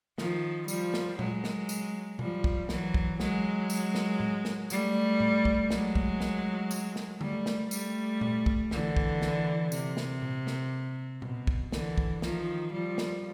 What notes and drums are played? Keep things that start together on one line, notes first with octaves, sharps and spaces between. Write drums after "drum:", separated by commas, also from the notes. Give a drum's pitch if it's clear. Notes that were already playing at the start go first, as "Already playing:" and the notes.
D#3 F3, drum: snare
F3 G3, drum: tambourine
drum: snare
F#3 G#3, drum: tom A#2
drum: snare
drum: tambourine
F3 G3, drum: tom B2
drum: kick
E3 F#3, drum: snare
drum: kick
F#3 G#3, drum: snare
drum: tambourine
drum: snare
drum: tom A2
drum: snare
G3 A3, drum: tambourine
drum: tom A2
drum: kick
F#3 G#3, drum: snare
drum: kick
drum: snare
drum: tambourine
drum: snare
G3 A3, drum: tom D3
drum: snare
G3 A3, drum: tambourine
drum: tom A#2
drum: kick
D3 E3, drum: snare
drum: kick
drum: snare
C3, drum: tambourine
drum: snare
drum: tom A#2
drum: snare
B2, drum: tom A#2
drum: kick
D3 E3, drum: snare
drum: kick
D#3 F3, drum: snare
F3 G3
drum: snare